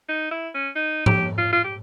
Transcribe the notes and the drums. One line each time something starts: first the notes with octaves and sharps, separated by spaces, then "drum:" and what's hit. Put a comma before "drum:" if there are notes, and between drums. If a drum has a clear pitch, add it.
D#4
E4
C#4
D#4
G4, drum: tom
F4
F4
G4